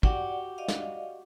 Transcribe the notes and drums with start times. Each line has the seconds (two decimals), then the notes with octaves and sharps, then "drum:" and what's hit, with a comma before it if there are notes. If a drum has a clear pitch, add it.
0.03 F#4 G4 D5 F#5, drum: kick
0.58 D5 D#5 F5
0.68 drum: snare